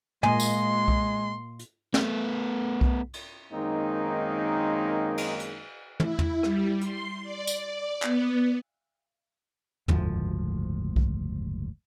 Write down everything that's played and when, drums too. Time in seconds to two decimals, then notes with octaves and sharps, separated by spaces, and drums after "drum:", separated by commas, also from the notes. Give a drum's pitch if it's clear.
0.23 A#2 G#3 A#3 D#5 G#5 C6, drum: tom
0.40 drum: tambourine
0.88 drum: kick B1
1.59 drum: hi-hat
1.94 A3 B3, drum: snare
2.81 drum: kick B1
3.14 drum: cymbal
3.53 F#2 D#3 G#3 A#3 C4 D#4
5.17 drum: cymbal
5.40 drum: hi-hat
6.00 E4, drum: tom
6.19 drum: tom
6.43 G3, drum: rim click
6.81 C6, drum: hi-hat
7.23 D5
7.47 drum: tambourine
8.02 B3, drum: clap
9.88 F#1 D2 G#2 F3, drum: tom
10.96 drum: kick B1